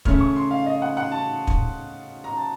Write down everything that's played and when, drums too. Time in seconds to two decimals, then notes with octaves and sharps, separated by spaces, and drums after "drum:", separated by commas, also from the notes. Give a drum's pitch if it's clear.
0.05 C#3 A3 C#4 F6, drum: kick
0.21 C#6
0.36 C6
0.51 F5
0.62 F5
0.66 D#5
0.82 F#5
0.97 F#5
1.12 A5
1.47 drum: kick
2.24 A#5
2.37 A5